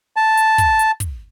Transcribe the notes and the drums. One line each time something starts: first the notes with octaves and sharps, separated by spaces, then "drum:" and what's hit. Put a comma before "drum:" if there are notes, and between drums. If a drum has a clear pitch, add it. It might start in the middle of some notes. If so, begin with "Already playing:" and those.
A5
drum: hi-hat
drum: kick, hi-hat
drum: hi-hat
drum: kick, hi-hat